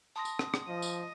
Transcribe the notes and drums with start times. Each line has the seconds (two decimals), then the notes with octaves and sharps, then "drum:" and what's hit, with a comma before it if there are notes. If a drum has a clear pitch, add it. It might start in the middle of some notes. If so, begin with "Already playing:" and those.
0.16 A5 C6 D#6 A#6
0.25 drum: tambourine
0.39 drum: rim click
0.54 drum: rim click
0.68 F3 D#5
0.82 drum: tambourine